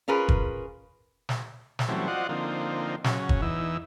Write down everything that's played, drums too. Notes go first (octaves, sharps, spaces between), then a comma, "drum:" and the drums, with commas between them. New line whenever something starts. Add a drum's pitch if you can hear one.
C#4 F4 G#4 A#4 B4
drum: kick
drum: snare
drum: snare
E3 F#3 G3 A3 C4 C#4
F4 F#4 C5 D5 D#5 F#5
D3 F3 A#3 C4 D#4
C#3 F#3 C#4, drum: snare
drum: kick
E2 E3 D#4 E6